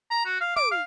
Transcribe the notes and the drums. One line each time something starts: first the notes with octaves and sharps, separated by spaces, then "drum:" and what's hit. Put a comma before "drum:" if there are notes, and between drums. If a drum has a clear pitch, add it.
A#5
F#4
F5
D6, drum: tom
F5